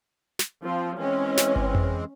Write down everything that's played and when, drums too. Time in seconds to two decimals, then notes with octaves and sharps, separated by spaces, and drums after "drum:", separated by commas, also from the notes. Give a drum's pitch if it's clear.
0.39 drum: snare
0.64 F3 C4
0.99 E3 G#3 C4 C#4
1.37 drum: snare
1.56 drum: kick G1
1.75 drum: tom F2